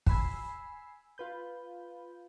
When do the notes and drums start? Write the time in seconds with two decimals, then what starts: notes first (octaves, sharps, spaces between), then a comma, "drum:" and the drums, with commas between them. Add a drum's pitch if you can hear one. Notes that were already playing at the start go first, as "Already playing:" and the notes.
0.06 G#5 B5 E6 C7, drum: kick
1.18 F4 B4 G6